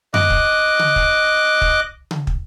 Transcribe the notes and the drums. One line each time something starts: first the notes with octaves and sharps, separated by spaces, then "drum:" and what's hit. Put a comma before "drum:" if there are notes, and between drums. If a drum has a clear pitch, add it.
D#5 D6 F#6, drum: tom F#2
drum: kick
drum: tom C#3
drum: kick
drum: kick
drum: tom C#3
drum: kick